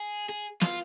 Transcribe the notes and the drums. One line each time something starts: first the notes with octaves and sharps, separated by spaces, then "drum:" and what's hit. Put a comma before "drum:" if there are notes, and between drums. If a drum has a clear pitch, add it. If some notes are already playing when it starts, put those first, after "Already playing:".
Already playing: G#4
G#4
F4, drum: snare